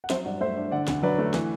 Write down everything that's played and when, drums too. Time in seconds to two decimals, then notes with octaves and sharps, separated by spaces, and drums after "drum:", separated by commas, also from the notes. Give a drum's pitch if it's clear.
0.04 F#5
0.10 F#3 C5 E5, drum: snare
0.25 G2 D5 F#5
0.41 A3 C5 E5
0.57 D4
0.71 D3 D5 F#5
0.88 D2, drum: snare
1.03 F#3 B4 D5
1.18 A3
1.34 E3, drum: snare